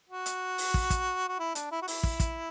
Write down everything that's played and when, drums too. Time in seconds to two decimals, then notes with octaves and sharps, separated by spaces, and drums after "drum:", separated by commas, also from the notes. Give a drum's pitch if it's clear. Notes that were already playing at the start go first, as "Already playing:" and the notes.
0.09 F#4
0.26 drum: hi-hat
0.58 drum: open hi-hat
0.74 drum: kick
0.90 drum: kick, hi-hat
1.28 F#4
1.39 E4
1.55 D4, drum: hi-hat
1.72 E4
1.82 F#4
1.88 E4, drum: open hi-hat
2.03 drum: kick
2.20 drum: kick, hi-hat